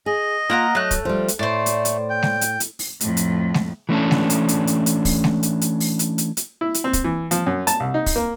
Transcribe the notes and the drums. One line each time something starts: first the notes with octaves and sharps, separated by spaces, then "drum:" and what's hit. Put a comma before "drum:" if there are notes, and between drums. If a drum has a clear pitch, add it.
G#4 D#5
A#3 F4 F#5 A#5
F#3 A3 F#6
drum: kick, hi-hat
F3 G3
drum: hi-hat
A2 A3 C5 D5
drum: hi-hat
drum: hi-hat
G5
drum: snare G#3
drum: hi-hat
drum: hi-hat
drum: open hi-hat
F2 A2, drum: hi-hat
drum: hi-hat
drum: snare G#3
E3 A3 C#4 D4
drum: snare G#3
drum: hi-hat
drum: hi-hat
drum: hi-hat
drum: hi-hat
drum: kick, open hi-hat
drum: snare G#3
drum: hi-hat
drum: hi-hat
drum: open hi-hat
drum: hi-hat
drum: hi-hat
drum: hi-hat
E4
drum: hi-hat
C4
drum: kick, hi-hat
E3
F3, drum: hi-hat
F#2
A5, drum: hi-hat
C2
D#4
drum: kick, open hi-hat
A#3